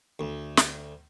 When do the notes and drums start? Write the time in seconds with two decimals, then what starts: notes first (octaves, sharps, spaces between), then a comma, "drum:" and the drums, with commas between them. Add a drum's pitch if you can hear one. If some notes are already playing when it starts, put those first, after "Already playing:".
0.19 D2
0.57 drum: snare